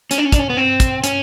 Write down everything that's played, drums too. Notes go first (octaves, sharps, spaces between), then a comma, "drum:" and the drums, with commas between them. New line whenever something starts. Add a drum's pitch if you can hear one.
C#4, drum: hi-hat
D4
C#4
D4, drum: kick, hi-hat
C#4
B3
C4
drum: kick, hi-hat
C#4, drum: hi-hat